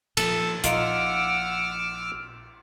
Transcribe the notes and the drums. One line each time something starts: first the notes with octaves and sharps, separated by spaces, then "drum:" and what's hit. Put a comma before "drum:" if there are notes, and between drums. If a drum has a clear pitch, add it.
A#2 F3 A4, drum: cymbal
A#1 D#4 F4 F#5 D6 E6 F6, drum: hi-hat